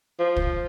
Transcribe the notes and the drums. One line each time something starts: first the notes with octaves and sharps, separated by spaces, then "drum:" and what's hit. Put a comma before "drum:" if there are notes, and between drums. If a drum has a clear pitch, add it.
F3
drum: kick